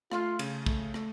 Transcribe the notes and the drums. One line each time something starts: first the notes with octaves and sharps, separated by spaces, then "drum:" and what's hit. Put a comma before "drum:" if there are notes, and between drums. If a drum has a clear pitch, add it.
A3 F4, drum: rim click
C#3, drum: cymbal
A3, drum: kick
A3, drum: rim click